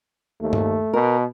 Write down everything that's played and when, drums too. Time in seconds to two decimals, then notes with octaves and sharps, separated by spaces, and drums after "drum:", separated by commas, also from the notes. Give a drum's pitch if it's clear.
0.41 D#2 A3
0.53 drum: tom G2
0.93 B2 A#4